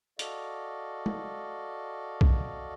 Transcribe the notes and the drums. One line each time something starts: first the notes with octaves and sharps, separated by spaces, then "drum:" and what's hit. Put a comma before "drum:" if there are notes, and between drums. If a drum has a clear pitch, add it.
F#4 A4 D5 D#5 F5, drum: hi-hat
drum: tom
drum: kick B1